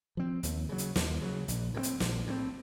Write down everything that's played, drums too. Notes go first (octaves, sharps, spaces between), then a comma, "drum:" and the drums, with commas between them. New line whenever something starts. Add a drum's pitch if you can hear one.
F3 C4
D#2, drum: hi-hat
C#3 F#3
drum: hi-hat
D#2, drum: snare
C#3 F#3
A#1, drum: hi-hat
A2 F3 C4
drum: hi-hat
A#1, drum: snare
A2 F3 C4